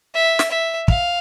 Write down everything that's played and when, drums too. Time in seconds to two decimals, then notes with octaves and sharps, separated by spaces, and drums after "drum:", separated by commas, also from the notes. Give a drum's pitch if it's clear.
0.15 E5
0.39 drum: snare
0.51 E5
0.88 F5, drum: kick